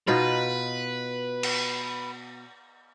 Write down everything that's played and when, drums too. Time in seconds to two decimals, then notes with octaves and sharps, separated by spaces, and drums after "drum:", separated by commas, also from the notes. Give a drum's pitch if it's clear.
0.07 B2 D#4 F4 B4
1.43 drum: cymbal